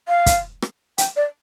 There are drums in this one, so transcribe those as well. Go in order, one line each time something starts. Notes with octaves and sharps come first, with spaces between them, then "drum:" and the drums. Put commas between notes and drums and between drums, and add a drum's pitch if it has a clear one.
F5
drum: kick, hi-hat
drum: rim click
G5, drum: hi-hat
D5